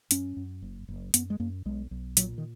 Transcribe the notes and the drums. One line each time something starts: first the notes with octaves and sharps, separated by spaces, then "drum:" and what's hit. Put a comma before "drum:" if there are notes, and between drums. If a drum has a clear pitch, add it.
F#2 C#4, drum: hi-hat
F#2
F#1
F#1
F#2 B3, drum: hi-hat
G#3
F#2 A#3
B1 G#3
B1
A#2 F#3, drum: hi-hat
D#3